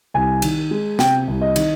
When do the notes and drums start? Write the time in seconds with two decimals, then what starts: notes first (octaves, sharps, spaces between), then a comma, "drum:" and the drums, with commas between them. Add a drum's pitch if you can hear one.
0.14 C2 G#5
0.42 D#3, drum: cymbal
0.71 G#3
0.99 C3 G5, drum: snare
1.28 C2
1.42 D#5
1.56 D#3, drum: cymbal